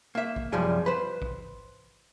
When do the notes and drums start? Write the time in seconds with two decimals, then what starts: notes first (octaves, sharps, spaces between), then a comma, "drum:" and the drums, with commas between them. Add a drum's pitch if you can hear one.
0.15 A#3 E5
0.36 drum: kick A1
0.52 C2 F#2 F3 G3 G#4 G5
0.86 B4 C5
1.22 drum: kick A1